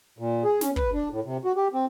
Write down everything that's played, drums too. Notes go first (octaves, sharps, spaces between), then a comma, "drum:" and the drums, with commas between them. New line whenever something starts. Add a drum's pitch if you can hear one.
A#2
G#4
C#4, drum: snare
B4, drum: kick
D4
A2
C3
F#4
G4
C4